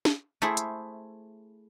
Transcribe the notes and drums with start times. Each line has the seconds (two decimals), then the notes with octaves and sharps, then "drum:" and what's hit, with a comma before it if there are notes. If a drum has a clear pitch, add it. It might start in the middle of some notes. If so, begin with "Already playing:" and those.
0.05 drum: snare
0.42 A3 E4 G#4 C5 E5
0.57 drum: hi-hat